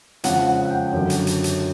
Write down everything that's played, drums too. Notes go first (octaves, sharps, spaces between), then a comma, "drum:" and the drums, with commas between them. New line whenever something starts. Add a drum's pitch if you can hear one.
F2 C#3 F3 G#3 F#5, drum: hi-hat
F#5
F#5
G5
F#2 D3 F#3
drum: hi-hat
drum: hi-hat
drum: hi-hat